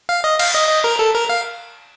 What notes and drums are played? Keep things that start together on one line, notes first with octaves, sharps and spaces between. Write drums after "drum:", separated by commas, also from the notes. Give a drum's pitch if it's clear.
F5
D#5
F5, drum: cymbal
D#5
D#5
A#4
A4
A#4
F5